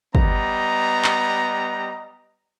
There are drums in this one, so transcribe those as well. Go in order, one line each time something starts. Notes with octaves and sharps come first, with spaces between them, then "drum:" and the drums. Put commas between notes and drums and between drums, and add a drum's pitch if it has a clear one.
G3 B3 D#5 A#5, drum: kick
drum: clap